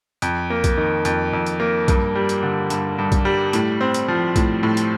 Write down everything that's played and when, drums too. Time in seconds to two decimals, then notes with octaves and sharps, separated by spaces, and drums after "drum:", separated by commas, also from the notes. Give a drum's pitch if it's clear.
0.22 F2, drum: hi-hat
0.50 A#3
0.64 drum: kick B1, hi-hat
0.78 D#3
1.05 F2, drum: hi-hat
1.33 F2
1.46 drum: hi-hat
1.60 A#3
1.88 G2, drum: kick B1, hi-hat
2.15 G3
2.29 drum: hi-hat
2.43 D3
2.70 G2, drum: hi-hat
2.98 G2
3.12 drum: kick B1, hi-hat
3.25 G3
3.53 A2, drum: hi-hat
3.81 C4
3.94 drum: hi-hat
4.08 F3
4.36 A2, drum: kick B1, hi-hat
4.63 A2
4.77 drum: hi-hat